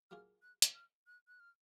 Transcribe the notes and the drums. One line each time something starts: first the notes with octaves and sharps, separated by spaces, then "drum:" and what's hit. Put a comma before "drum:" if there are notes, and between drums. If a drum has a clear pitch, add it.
F#3 A#3 F4 G#4 F6
F#6
drum: hi-hat
F6
F#6
F#6
F6